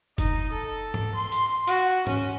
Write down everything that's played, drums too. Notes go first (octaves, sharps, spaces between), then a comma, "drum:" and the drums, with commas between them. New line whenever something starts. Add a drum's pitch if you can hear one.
D#4, drum: kick F1, hi-hat
A4
drum: tom G#2
C6
drum: hi-hat
F#4, drum: hi-hat
C#4, drum: tom G#2